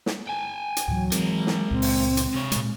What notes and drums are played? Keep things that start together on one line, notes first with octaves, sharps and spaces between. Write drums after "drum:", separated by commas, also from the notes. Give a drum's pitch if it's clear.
drum: snare
G5 G#5
drum: hi-hat
D2 A2 E3 F#3
E3 G#3 C4 A#4, drum: hi-hat
drum: snare
C#2 A#2 C#3 C4
drum: open hi-hat
drum: hi-hat
C3 C#5
A#2 G#3, drum: hi-hat